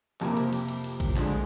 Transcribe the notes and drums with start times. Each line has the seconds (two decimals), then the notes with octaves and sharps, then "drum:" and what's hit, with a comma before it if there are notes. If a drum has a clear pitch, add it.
0.21 F2 C3 F3 A#3, drum: clap
0.37 drum: cymbal
0.53 drum: cymbal
0.68 drum: cymbal
0.84 drum: cymbal
1.00 drum: kick A1, cymbal
1.16 D3 F3 G#3, drum: clap